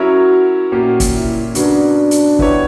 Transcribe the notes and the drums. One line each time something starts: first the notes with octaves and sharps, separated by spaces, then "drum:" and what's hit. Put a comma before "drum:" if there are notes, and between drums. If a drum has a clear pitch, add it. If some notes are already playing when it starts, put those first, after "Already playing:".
Already playing: F#3 C#4 E4 F#4 A#4 C#5
A#2 A#3 C#4 F#4 G4
drum: kick, hi-hat
E4
C#3 F#3 B3 D4 F#4, drum: hi-hat
drum: hi-hat
B3 E4 G4 C#5, drum: kick